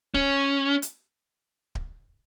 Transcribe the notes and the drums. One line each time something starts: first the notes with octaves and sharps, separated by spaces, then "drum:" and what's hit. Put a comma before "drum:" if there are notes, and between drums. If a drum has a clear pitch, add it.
C#4, drum: kick D1
drum: hi-hat
drum: kick D1